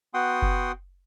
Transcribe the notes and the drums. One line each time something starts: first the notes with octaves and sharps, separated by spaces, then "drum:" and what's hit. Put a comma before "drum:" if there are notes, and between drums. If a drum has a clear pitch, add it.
B3 F#4 F#5 G5 C6 D#6
drum: kick F#1